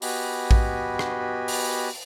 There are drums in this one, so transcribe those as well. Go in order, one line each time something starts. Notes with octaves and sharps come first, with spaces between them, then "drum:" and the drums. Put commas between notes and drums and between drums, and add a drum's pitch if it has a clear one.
B3 F#4 G4 D#5 G#5 B5, drum: open hi-hat
drum: kick A1
drum: rim click
drum: open hi-hat